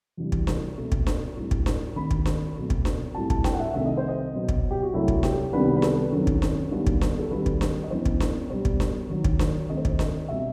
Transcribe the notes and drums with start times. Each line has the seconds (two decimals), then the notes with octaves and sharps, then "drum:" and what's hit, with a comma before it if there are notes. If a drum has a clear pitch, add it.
0.17 E2 C3 E3 G3
0.32 drum: kick
0.47 drum: snare D4
0.77 B2 A3 C4
0.92 drum: kick
1.07 drum: snare D4
1.36 A2 G3 C4
1.51 drum: kick
1.66 drum: snare D4
1.96 D#2 D#3 A3 C4 B5
2.11 drum: kick
2.26 drum: snare D4
2.55 B2 F#3 A3 C4
2.70 drum: kick
2.85 drum: snare D4
3.15 A2 G3 C4 A5
3.30 A5, drum: kick
3.44 G5, drum: snare D4
3.53 F#5
3.60 E5
3.74 C2 C3 D#3 A3 C4 E5
3.86 D#5
3.97 C5
4.08 D#5
4.33 B2 F#3 B3
4.49 drum: kick
4.71 G4
4.82 F#4
4.94 C2 C3 F#3 A3 E4
5.08 drum: kick
5.23 G4, drum: snare D4
5.52 C2 C3 D#3 G3 B3 B4
5.76 B4
5.82 A4, drum: snare D4
6.12 F#2 D#3 F#3 C4
6.27 drum: kick
6.42 drum: snare D4
6.71 D#2 D#3 G3 B3
6.87 drum: kick
7.01 drum: snare D4
7.19 A4
7.31 D#2 D#3 G3 C4 B4
7.46 drum: kick
7.61 drum: snare D4
7.83 D#5
7.90 F#2 E3 B3 C5
8.06 drum: kick
8.20 drum: snare D4
8.50 B2 G3 B3 C5
8.65 drum: kick
8.80 drum: snare D4
9.09 D#2 D#3 F#3
9.24 drum: kick
9.39 drum: snare D4
9.69 D#2 D#3 A3 C4 D#5
9.77 C5
9.85 D#5, drum: kick
9.99 D#5, drum: snare D4
10.29 B2 G3 C4 E5